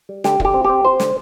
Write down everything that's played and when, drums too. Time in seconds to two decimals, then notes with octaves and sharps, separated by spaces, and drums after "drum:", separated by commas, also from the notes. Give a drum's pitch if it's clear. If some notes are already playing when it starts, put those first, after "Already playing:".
0.09 G3
0.24 D3 G4, drum: snare
0.40 D3, drum: kick
0.45 G4
0.54 C4
0.65 C4 G4
0.85 C4 C5
1.00 D3, drum: snare